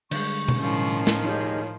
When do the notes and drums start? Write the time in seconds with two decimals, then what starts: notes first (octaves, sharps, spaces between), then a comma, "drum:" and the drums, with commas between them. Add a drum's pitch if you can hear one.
0.11 D3 G3 G#3 C#6, drum: cymbal
0.48 drum: tom B2
0.59 A2 D#3 F3 C#4
1.07 drum: snare
1.25 D#4 G4 G#4 C#5 D#5